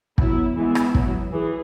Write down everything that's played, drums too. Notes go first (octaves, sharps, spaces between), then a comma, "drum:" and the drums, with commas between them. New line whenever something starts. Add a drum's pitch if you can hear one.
F#3 B3 E4, drum: kick
E3 G#3 B3 E4
drum: rim click
F#3 B3, drum: kick
E3 G#4